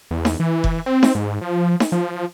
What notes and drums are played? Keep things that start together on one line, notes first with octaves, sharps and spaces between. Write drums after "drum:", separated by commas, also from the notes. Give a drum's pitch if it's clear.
E2
drum: snare D#4
E3
drum: kick F1
C4
drum: snare D#4
G#2
F3
drum: snare D#4
F3